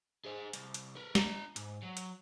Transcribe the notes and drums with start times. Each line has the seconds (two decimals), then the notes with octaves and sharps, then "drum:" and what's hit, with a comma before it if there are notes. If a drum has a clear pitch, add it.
0.25 G#4 C5
0.53 C2, drum: hi-hat
0.74 drum: hi-hat
0.96 A#4 B4
1.15 D4 A#5, drum: snare
1.56 G#2, drum: hi-hat
1.83 F#3
1.97 drum: hi-hat